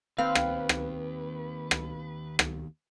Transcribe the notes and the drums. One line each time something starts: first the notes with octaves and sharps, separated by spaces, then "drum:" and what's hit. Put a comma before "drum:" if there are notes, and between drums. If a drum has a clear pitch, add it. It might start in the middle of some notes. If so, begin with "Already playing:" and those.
D#2 C4 B4 F5
drum: rim click
drum: rim click
drum: rim click
drum: rim click